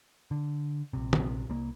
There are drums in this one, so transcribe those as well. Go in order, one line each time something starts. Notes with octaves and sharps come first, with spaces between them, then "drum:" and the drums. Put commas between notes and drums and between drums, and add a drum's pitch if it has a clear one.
D3
A#1 C3
drum: tom
C2 A#3